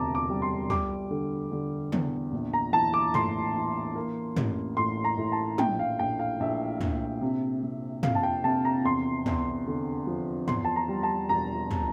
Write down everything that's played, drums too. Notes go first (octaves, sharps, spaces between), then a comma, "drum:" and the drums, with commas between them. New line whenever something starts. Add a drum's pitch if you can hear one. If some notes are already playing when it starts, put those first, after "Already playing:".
Already playing: E1 D2 C3 A5 A#5 D6
D6
G3
C6
G3 D6, drum: tom
D3
D3
E2, drum: tom
A#1
A#5
E3 A5
D6
A2 C6, drum: tom
E3
A#3
A1, drum: tom
A2 C6
A#5
A2
A5
A#1 G5, drum: tom
F5
A#1 G5
F5
A#1 E5
A#1, drum: tom
C3
C3
F2 F5, drum: tom
A5
G5
C3 A5
A#5
E2 C6
E2, drum: tom
D3
F3
E2 C6, drum: tom
A5
A#5
G3
A5
E1 A#5
drum: tom